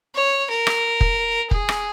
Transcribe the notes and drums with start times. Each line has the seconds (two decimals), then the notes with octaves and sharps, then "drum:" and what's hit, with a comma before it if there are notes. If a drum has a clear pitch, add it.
0.15 C#5
0.50 A#4
0.67 drum: rim click
1.01 drum: kick F1
1.51 G#4, drum: kick F1
1.69 drum: rim click